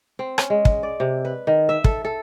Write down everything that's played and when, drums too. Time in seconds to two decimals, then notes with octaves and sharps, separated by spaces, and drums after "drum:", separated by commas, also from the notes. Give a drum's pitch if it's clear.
0.19 C4
0.38 C#4, drum: rim click
0.50 G#3
0.65 drum: kick
0.83 D5
1.00 C3
1.25 B4
1.47 D#3
1.69 E5
1.84 A4, drum: kick
2.05 A4